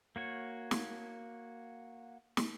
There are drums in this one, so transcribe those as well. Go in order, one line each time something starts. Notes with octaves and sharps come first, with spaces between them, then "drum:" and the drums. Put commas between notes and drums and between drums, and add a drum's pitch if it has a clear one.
A#3 F#4 C#5
drum: snare
drum: snare